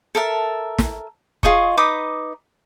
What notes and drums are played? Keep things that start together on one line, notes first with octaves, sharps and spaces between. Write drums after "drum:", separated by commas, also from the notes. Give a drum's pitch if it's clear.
A4 A#4 E5
drum: snare
F4 G#4 D#5 C#6, drum: kick
D#4 B4 D6 D#6